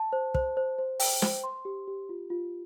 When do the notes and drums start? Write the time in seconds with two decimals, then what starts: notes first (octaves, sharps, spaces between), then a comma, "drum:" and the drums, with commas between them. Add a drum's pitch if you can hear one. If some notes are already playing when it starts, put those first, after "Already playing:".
Already playing: A5
0.13 C5
0.34 C5, drum: kick
0.57 C5
0.78 C5
1.00 G5, drum: open hi-hat
1.22 C5, drum: snare
1.44 C6
1.65 G4
1.87 G4
2.09 F4
2.30 F4